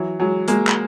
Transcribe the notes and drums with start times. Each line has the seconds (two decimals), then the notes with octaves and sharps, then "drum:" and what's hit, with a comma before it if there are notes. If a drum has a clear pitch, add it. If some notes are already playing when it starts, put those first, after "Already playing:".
Already playing: E3 F#3
0.20 F#3 G#3
0.48 G#3 A#3, drum: hi-hat
0.67 drum: clap